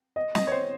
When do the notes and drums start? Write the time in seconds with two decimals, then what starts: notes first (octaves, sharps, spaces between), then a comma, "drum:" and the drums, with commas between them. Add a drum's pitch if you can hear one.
0.16 D#5
0.35 D#5, drum: snare
0.47 C#5
0.52 C5